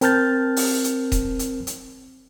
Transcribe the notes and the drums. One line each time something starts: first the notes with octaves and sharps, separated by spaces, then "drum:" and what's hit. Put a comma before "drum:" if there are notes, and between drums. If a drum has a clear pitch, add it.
C4 A#4 A5 F6 G6 A6, drum: hi-hat
drum: open hi-hat
drum: hi-hat
drum: kick D#1, hi-hat
drum: hi-hat
drum: hi-hat